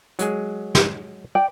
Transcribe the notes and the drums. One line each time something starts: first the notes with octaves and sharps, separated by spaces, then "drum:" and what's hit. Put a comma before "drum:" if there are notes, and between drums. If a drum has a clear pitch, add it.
F#3 G#3 G#4, drum: hi-hat
drum: snare
D5 G5